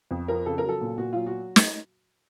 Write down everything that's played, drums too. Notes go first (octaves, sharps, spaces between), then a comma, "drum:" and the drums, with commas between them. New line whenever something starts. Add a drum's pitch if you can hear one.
F2
F3 A#4
C#3 A4
A#4
F#3 A4
A#2
A#2 F#4
F#3 F4
F#4
drum: snare